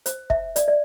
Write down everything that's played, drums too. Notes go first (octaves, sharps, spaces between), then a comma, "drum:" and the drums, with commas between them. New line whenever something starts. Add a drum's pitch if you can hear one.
C5, drum: hi-hat
E5, drum: kick
D5, drum: hi-hat
D5